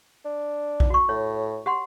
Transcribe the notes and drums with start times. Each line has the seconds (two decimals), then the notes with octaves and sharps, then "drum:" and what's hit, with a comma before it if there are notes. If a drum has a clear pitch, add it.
0.25 D4
0.80 drum: kick A#1
0.90 F#4 C#6
1.09 A2 C#5
1.66 G4 F#5 C6